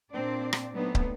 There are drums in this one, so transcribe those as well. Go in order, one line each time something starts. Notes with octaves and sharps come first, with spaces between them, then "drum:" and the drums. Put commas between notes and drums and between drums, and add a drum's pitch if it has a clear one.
A#2 C4 D4 D5
drum: rim click
F#3 A3 B3 C4 D4 D#4
drum: kick